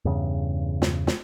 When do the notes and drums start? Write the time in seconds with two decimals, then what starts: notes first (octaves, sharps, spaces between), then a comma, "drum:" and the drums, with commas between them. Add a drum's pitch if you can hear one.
0.05 E2 G2 C#3
0.82 drum: snare
1.07 drum: snare